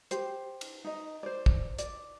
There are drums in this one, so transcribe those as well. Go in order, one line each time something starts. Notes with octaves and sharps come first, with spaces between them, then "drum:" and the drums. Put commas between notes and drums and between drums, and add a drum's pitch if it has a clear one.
G4 C5, drum: hi-hat
drum: cymbal
D#4 D#5
C5 D5
drum: kick
D5, drum: hi-hat